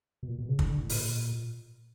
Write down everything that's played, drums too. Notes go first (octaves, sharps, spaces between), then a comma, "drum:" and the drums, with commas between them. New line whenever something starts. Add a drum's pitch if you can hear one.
B2
A#2
B2
C#3
D3, drum: kick
D3
A2
A#2, drum: open hi-hat